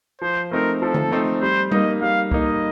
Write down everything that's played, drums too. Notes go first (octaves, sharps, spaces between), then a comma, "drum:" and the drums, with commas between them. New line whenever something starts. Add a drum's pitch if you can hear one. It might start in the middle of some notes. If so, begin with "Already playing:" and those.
F3 C5
A3 C4 D#4 A#4
F3 A4
drum: tom D3
A3 C4 D#4
G3 C5
A#3 D#4 D#5, drum: tom G3
G3 F5
A#3 D#4 D#5, drum: kick